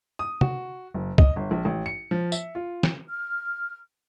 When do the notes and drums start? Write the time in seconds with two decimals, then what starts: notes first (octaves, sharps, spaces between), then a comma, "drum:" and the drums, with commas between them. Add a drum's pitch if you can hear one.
0.19 D#6
0.41 F#4, drum: tom
0.94 F#1
1.18 D#5, drum: kick
1.36 G1
1.51 A#1
1.65 A1
1.86 C#7
2.11 F3
2.32 E5, drum: tambourine
2.55 F4
2.83 drum: snare
3.09 F6